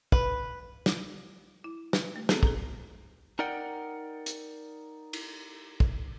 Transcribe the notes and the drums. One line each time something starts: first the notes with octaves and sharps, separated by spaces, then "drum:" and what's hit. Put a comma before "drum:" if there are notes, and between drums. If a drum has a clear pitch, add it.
B4, drum: kick
drum: snare
E4
B4, drum: snare
A3
B3 C4 F#4 G#4 A4, drum: snare
G#4 A4 A#5, drum: kick
D#4 A#4 D5 F#5 G5
drum: hi-hat
drum: cymbal
drum: kick